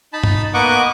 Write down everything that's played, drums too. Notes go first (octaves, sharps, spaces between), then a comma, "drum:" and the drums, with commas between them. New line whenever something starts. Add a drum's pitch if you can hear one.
D#4 A5 B5
drum: tom G2
A#3 B3 D#5 F#5 C#6 D6